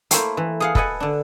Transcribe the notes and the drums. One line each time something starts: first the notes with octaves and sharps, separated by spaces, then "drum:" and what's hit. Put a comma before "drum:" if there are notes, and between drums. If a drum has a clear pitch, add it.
A3 A#3 E4 C5, drum: hi-hat
E3
G#4 F5 F#5
A4 B4 D#5 F#5 G#5, drum: kick
D3 D4